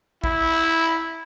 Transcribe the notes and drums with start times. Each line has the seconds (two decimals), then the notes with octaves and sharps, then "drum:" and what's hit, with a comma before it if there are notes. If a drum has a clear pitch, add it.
0.24 E4, drum: kick A#1